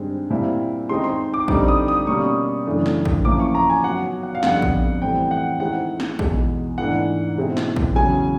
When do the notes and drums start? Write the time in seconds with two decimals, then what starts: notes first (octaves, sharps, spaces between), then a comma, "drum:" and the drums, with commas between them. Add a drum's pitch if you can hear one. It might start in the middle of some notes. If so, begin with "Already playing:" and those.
Already playing: G2 D#3 G#3 C4
0.30 A#2 G3 C4 E4
0.89 D#3 G#3 C4 D#4 C6
1.04 C6
1.34 D6
1.48 D3 G3 C4 D#4 D6, drum: kick A#1
1.68 D#6
1.88 D#6
2.07 B2 G3 A#3 C#4 C#6
2.67 F#2 C#3 E3 A3 D4
2.86 drum: snare
3.05 drum: kick A#1
3.25 A#2 F3 A#3 C#4 E4 D6
3.40 C#6
3.55 A#5
3.70 G#5
3.84 D#3 F#3 B3 F#5
4.23 F#5
4.35 F5
4.43 F2 D3 G3 B3 F#5, drum: snare
4.62 drum: kick A#1
5.02 A2 E3 G3 C4 G5
5.31 F#5
5.60 D#3 G#3 C4 E4 F#5
6.00 drum: snare
6.19 E2 B2 G#3, drum: kick A#1
6.78 G#2 E3 A3 D4 F#5
7.37 B2 G#3 C4 E4
7.57 drum: snare
7.76 drum: kick A#1
7.96 E2 C#3 F#3 G#5